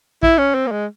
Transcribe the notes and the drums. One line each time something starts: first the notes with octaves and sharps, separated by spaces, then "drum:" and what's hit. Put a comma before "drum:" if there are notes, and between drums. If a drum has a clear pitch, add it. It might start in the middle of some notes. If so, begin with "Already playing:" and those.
E4, drum: kick
C#4
C4
A#3
G#3